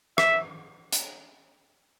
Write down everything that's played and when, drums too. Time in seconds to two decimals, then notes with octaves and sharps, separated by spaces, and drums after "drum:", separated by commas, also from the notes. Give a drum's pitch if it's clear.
0.18 E5, drum: rim click
0.93 drum: hi-hat